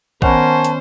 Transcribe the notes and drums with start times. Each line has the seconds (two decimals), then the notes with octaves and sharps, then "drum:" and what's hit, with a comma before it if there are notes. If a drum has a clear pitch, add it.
0.22 D#3 B3 C#4 A#4 C5 F#5 G#5 A5, drum: kick A1
0.64 drum: hi-hat